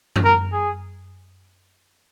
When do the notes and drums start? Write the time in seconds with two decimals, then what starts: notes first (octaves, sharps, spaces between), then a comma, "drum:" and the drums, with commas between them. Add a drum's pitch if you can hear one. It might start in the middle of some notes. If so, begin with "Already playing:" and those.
0.16 drum: tom F#2
0.25 A#4
0.53 G#4